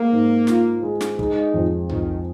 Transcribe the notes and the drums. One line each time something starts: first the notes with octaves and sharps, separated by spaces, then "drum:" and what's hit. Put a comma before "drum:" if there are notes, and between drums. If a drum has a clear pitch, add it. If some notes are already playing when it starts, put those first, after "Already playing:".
Already playing: G#3 A#3
G#2
F4, drum: snare
G#3
drum: snare
G#3 D#4, drum: kick
F2
F2 D#3, drum: tom B1